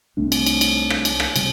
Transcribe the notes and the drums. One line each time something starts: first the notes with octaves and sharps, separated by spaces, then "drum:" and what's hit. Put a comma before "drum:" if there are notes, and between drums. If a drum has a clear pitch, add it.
C2 C3 A3 D4
drum: cymbal
drum: cymbal
drum: cymbal
drum: rim click
drum: cymbal
drum: rim click
C3 G3, drum: cymbal